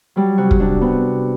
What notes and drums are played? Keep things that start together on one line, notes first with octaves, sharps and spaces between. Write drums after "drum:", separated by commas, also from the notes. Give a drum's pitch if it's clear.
F#3 G3
C3 F#4
drum: kick
C3 D4
C3 B3